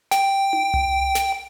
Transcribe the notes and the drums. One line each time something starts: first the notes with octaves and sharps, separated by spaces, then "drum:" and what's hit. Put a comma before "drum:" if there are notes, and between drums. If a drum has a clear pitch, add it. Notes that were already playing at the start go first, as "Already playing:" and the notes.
G5, drum: snare
drum: tom
drum: tom C2
drum: snare